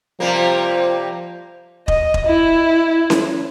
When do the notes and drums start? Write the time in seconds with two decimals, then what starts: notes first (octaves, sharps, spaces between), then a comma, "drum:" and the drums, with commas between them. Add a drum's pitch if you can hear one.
0.20 C3 F3 G3 A#3
1.88 D#5, drum: kick E1
2.14 drum: kick E1
2.27 E4
3.10 drum: snare C#4